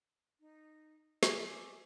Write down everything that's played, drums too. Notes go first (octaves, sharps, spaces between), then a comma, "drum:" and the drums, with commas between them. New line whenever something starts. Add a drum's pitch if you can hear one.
D#4
E6, drum: snare
G#5 D6 C7